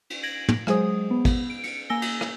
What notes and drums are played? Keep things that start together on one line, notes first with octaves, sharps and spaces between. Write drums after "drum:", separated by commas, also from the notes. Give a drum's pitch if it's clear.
drum: cymbal
G#6 A#6 D7 F#7
drum: tom
F#3 G#3 G#4 C5 D#6, drum: rim click
B3
drum: kick, cymbal
D7
C#7 D7, drum: cymbal
A#3 G#5 E6 A#6 G7
drum: cymbal
drum: rim click